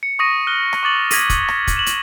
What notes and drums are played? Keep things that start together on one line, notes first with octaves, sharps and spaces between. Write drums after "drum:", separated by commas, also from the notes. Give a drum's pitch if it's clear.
C#7
C#6 D#6 A#6 D#7
F6 F#6 G7
drum: rim click
C#6 D6 A6 F#7
G#6 A#6 B6 D#7, drum: open hi-hat
drum: kick, hi-hat
drum: rim click
drum: kick, hi-hat
E7 F#7
drum: hi-hat